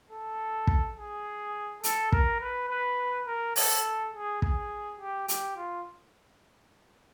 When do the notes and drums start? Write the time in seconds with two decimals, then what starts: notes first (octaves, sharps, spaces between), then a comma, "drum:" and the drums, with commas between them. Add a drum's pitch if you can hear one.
0.11 A4
0.67 drum: kick
0.97 G#4
1.84 A4, drum: hi-hat
2.12 A#4, drum: kick
2.41 B4
2.70 B4
3.27 A#4
3.56 A4, drum: open hi-hat
4.14 G#4
4.42 G#4, drum: kick
5.00 G4
5.28 G4, drum: hi-hat
5.57 F4